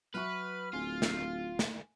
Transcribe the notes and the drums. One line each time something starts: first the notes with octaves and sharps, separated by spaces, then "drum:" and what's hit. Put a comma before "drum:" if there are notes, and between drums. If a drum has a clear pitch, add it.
F#3 B4 E5 C#6 F6
D1 F4 G#5
drum: snare
drum: snare